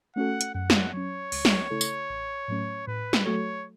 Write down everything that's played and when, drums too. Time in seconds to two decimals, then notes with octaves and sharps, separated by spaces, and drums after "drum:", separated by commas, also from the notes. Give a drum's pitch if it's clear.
0.16 A3 C#4 F#4 A4 F#5
0.41 drum: hi-hat
0.55 F#2 F#5
0.70 drum: snare
0.93 F#3 C#4 C#5
1.32 C#2, drum: open hi-hat
1.45 drum: snare
1.70 C#3 A3 E4 A4
1.81 drum: tambourine
2.10 A1
2.48 A2 F#3 A3 C#4
2.87 A2 B4
3.13 drum: snare
3.25 F#3 A3 F#4 A4 C#5